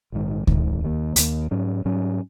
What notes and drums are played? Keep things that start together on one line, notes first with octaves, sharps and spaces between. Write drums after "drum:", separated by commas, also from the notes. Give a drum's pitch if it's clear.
A#1 G#2 D#3
A#1 G#2 D#3, drum: kick D2
D#2 D#3 A#3
D#2 D#3 A#3, drum: hi-hat
G#2 F#3 C#4
G#2 F#3 C#4